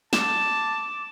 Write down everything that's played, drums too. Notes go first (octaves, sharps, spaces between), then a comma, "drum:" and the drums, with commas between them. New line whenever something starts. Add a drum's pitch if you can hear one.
A5 D6 E7, drum: snare